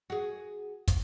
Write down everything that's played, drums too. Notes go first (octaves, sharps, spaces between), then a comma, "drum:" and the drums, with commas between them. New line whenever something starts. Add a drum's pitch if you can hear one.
F#4 G#4
drum: kick, hi-hat